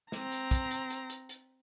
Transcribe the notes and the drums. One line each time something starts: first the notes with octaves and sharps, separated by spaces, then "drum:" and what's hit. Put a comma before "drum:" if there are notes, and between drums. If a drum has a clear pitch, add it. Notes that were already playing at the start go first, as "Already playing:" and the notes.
C4 A#5, drum: snare
drum: hi-hat
drum: kick, hi-hat
drum: hi-hat
drum: hi-hat
drum: hi-hat
drum: hi-hat